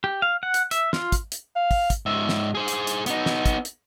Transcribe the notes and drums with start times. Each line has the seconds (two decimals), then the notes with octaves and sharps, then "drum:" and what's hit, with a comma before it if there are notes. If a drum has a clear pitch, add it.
0.04 G4
0.22 F5
0.43 F#5
0.54 drum: hi-hat
0.71 E5, drum: hi-hat
0.93 F4, drum: snare
1.12 drum: kick, hi-hat
1.32 drum: hi-hat
1.56 F5
1.71 drum: kick, open hi-hat
1.90 drum: kick, hi-hat
2.06 G#2 E5
2.29 drum: snare
2.55 G#4 C5
2.68 drum: hi-hat
2.87 drum: hi-hat
3.06 B3 D#4, drum: hi-hat
3.26 drum: snare
3.46 drum: kick, hi-hat
3.65 drum: hi-hat